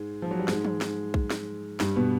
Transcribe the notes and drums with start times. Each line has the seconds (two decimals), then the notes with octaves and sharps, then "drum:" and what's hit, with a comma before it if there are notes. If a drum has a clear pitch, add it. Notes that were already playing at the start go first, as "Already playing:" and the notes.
Already playing: G#2 G#3
0.22 F3
0.31 F#3
0.39 G3
0.48 G#2 G#3, drum: snare
0.65 drum: tom
0.81 drum: snare
1.14 drum: kick A#1
1.30 drum: snare
1.80 G2 G3, drum: snare
1.96 B2 B3